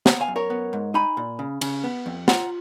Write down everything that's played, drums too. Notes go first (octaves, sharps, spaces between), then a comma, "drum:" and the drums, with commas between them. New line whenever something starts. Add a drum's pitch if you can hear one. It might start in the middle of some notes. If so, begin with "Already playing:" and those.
B3 F#5 A#5, drum: snare
F5 G#5
F#2
A#4 C#5
B3
G#2
D#4 G#5 B5
A#2
C#3
C#3, drum: cymbal
B3
F2
F4 F#5 A#5, drum: snare